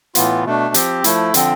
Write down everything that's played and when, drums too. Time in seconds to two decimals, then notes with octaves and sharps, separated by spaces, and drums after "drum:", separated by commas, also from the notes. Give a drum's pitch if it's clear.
0.15 A2 E3 B3 F4, drum: hi-hat
0.45 B2 A3 D4
0.74 F3 C4 G4, drum: hi-hat
1.04 F3 A3 E4, drum: hi-hat
1.34 D3 F3 C4, drum: hi-hat